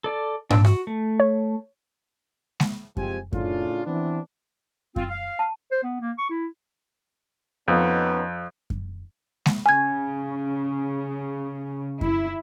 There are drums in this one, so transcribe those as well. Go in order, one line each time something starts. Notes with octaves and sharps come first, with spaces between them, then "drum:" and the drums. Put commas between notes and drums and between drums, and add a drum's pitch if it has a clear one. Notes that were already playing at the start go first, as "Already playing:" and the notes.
A4 D5
D4 E6, drum: tom G#2
F#4, drum: rim click
A3
C#5
drum: snare G#3
C2 F3 G#3 C4 G4 G#5, drum: kick F#2
A2 C#3 D4 F4, drum: kick F#2
E3 B3 C4 D4
C4 F4, drum: kick F#2
F5
A5
C5
B3
A#3
C#6
E4
F2 B3 C#4 D#4
drum: kick F#2
drum: snare G#3
C#3 G#5 G#6
E4, drum: kick F#2